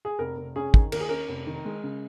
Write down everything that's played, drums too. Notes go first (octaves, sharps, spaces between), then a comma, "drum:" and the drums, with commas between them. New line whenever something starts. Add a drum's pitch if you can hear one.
G#4
F1 A#4
F1
C#4 G#4
D#3, drum: kick
D#2 A#4, drum: cymbal
G#4
C#4 A#4
F1
D#3
G#3
C#3